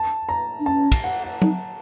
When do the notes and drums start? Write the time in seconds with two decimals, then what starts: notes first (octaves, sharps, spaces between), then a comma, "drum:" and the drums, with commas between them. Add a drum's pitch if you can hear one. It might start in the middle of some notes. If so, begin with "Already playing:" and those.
Already playing: A5
0.29 A#5
0.59 D4
0.66 C#4 A5
0.92 drum: kick, cymbal
1.04 F#5
1.23 F#5
1.42 D#4, drum: tom F#3